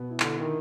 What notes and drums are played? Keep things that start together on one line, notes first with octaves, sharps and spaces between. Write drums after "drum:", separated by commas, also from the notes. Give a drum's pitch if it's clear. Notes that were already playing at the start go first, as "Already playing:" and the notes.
Already playing: B2 B3
E4
D3 E4, drum: clap
D3 D#3